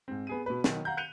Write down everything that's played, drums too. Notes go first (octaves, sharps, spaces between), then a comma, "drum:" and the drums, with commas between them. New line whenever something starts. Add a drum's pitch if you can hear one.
G#2 C4
B3 G#4 D#7
B2 B4
B2 D#3 F#3, drum: snare
F5 F#5 A#5 G6
F#6 G6 C#7 D#7 F7 G7